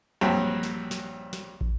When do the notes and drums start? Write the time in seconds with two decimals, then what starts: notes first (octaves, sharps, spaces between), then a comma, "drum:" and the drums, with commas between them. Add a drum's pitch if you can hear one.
0.21 A#1 G2 F#3 C4
0.63 drum: snare
0.91 drum: snare
1.33 drum: snare
1.61 drum: kick